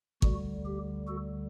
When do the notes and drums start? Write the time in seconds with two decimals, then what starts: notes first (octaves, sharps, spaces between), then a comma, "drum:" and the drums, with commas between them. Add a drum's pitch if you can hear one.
0.22 D2 D3 G3 F#4, drum: kick
0.66 G4
1.08 F#4 A4